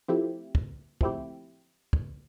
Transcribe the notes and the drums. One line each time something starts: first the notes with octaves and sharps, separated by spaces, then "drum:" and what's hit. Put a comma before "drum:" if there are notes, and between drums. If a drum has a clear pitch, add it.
F3 A3 C4 E4 G4
drum: kick
F3 A3 C4 E4 G4, drum: kick
drum: kick